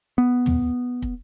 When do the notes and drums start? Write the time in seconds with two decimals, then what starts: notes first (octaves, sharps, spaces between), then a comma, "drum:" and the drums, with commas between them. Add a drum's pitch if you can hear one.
0.18 B3
0.46 drum: tom
1.02 drum: kick